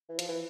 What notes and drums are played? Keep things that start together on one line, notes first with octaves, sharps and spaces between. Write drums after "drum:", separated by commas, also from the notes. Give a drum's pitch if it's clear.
E3
F3, drum: hi-hat
E3